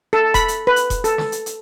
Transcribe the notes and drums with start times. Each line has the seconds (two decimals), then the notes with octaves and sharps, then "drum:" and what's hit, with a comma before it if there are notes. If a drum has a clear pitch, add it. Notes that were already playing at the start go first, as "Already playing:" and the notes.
0.13 A4
0.34 B5, drum: kick E1, hi-hat
0.48 drum: hi-hat
0.67 B4
0.76 drum: hi-hat
0.90 drum: kick E1, hi-hat
1.04 A4, drum: hi-hat
1.18 drum: snare
1.32 drum: hi-hat
1.46 drum: hi-hat